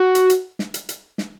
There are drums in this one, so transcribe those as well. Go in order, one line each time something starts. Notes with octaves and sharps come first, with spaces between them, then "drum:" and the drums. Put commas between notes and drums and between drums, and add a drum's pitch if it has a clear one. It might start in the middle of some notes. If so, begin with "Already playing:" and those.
Already playing: F#4
drum: hi-hat
drum: hi-hat
drum: snare
drum: hi-hat
drum: hi-hat
drum: snare